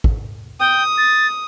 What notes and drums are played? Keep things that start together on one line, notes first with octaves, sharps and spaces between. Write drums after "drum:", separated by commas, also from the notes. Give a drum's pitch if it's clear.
drum: kick
G5 D#6
A6